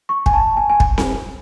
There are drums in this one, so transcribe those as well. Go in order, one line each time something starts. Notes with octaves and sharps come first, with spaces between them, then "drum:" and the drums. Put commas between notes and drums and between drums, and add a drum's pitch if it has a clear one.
C#6
G#5, drum: kick
A5
G#5
G#5
drum: kick
drum: snare C4